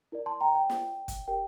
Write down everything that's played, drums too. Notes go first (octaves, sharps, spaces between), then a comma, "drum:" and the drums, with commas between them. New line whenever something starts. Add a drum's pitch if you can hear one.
E4 A#4 D5
A5 C6
G5 A#5
G5
drum: snare
drum: kick, hi-hat
G4 A#4 D5 G5